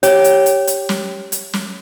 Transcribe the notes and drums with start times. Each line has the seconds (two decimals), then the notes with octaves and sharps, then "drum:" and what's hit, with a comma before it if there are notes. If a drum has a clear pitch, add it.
0.03 G4 C#5, drum: hi-hat
0.24 drum: hi-hat
0.46 drum: hi-hat
0.67 drum: hi-hat
0.89 drum: snare
1.32 drum: hi-hat
1.53 drum: snare